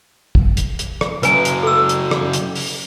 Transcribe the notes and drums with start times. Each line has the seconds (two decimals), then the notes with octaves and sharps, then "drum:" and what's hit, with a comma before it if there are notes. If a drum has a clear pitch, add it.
0.35 drum: kick
0.57 drum: hi-hat
0.79 drum: hi-hat
1.01 drum: rim click
1.23 C#3 F#3 B4 G#5, drum: hi-hat
1.45 drum: hi-hat
1.63 A4 E6
1.89 drum: hi-hat
2.11 drum: rim click
2.33 drum: hi-hat
2.56 drum: open hi-hat